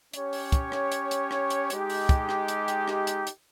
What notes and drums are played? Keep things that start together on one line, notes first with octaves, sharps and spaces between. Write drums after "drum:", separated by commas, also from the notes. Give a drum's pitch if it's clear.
C#4 G4 C#5, drum: hi-hat
drum: open hi-hat
drum: kick, hi-hat
drum: rim click
drum: hi-hat
drum: hi-hat
drum: rim click
drum: hi-hat
G#3 D#4 G4, drum: hi-hat
drum: open hi-hat
drum: kick, hi-hat
drum: rim click
drum: hi-hat
drum: hi-hat
drum: rim click
drum: hi-hat
drum: hi-hat